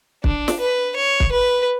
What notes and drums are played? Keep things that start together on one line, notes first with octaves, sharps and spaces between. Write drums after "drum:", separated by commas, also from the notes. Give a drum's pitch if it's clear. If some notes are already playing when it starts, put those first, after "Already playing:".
D4, drum: kick
drum: snare
B4
C#5
drum: kick
B4